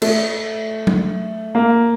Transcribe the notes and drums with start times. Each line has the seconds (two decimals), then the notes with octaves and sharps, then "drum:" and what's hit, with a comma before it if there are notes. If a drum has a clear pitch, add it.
0.02 A3, drum: cymbal
0.87 drum: tom F#3
1.55 A#3